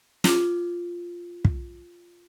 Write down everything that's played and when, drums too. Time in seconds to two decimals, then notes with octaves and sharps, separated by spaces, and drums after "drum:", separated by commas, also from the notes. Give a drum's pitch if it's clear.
0.24 F4 D6, drum: snare
1.45 drum: kick